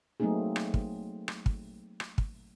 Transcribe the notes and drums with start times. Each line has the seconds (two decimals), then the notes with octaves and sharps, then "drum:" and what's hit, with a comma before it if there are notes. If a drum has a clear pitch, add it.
0.20 F#3 A3 A#3 C4 D#4 G#4
0.56 drum: rim click
0.74 drum: kick
1.28 drum: rim click
1.46 drum: kick
2.00 drum: rim click
2.18 drum: kick